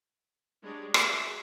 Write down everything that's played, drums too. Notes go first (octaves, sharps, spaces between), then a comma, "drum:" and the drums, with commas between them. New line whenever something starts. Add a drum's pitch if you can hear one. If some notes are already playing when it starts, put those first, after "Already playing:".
G3 G#3 D4 C#5
F#4 G#4 E5, drum: rim click